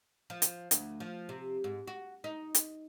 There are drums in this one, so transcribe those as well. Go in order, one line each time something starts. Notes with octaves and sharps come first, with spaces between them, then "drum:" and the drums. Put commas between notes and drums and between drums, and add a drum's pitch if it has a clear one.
F3
drum: hi-hat
D2, drum: hi-hat
F3
C3
G#2
F#4
D#4
drum: hi-hat